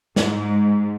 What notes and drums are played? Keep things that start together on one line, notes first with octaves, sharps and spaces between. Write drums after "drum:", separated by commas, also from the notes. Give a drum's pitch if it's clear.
G#2, drum: snare